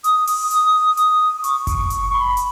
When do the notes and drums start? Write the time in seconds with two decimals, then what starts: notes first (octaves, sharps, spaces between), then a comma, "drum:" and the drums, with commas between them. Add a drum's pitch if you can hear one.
0.04 D#6, drum: hi-hat
0.27 drum: open hi-hat
0.51 drum: hi-hat
0.97 drum: hi-hat
1.44 C#6, drum: hi-hat
1.67 drum: kick F#1, hi-hat
1.90 drum: hi-hat
2.13 B5
2.37 drum: hi-hat